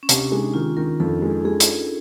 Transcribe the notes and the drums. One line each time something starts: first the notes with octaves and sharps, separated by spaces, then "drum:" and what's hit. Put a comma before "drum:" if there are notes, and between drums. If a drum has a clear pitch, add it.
C#4
C3 D4, drum: hi-hat
G#3 D#4
D#3 F4
D#3 A#4
F2 A4
G#3
G#3 G#4
drum: hi-hat